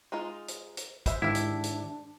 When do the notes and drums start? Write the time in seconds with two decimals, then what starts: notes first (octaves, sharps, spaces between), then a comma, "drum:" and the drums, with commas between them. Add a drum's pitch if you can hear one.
0.12 G#3 D#4 F4
0.48 drum: hi-hat
0.77 drum: hi-hat
1.06 G#3 C5 E5, drum: kick, hi-hat
1.22 G#2 D#3 D4 E4 G4 E5 F5
1.35 drum: hi-hat
1.64 drum: hi-hat